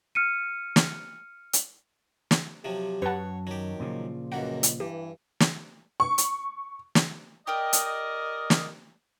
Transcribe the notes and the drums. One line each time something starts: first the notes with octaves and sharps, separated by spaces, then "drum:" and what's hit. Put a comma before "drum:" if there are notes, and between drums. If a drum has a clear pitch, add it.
F6 C#7 D#7
drum: snare
drum: hi-hat
drum: snare
C3 F3 F#3 G4
F#2 B4 C#5 F#5 A5
D#3 F#3 G4
A#2 C#3 F3
C#2 F#2 G3 A#3 F#5
drum: hi-hat
G2 E3 G4
drum: snare
C#6
drum: hi-hat
drum: snare
G4 A#4 D5 D#5 G5 D#6
drum: hi-hat
drum: snare